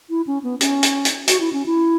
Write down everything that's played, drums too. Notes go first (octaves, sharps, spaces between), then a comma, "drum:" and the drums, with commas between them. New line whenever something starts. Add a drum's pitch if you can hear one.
E4
C#4
B3
C#4, drum: hi-hat
drum: hi-hat
drum: hi-hat
F#4, drum: hi-hat
E4
C#4
E4